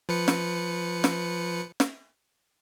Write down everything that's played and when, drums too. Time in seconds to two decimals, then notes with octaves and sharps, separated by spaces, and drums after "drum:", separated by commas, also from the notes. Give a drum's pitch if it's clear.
0.09 F3 B4 C#7
0.28 drum: snare
1.04 drum: snare
1.80 drum: snare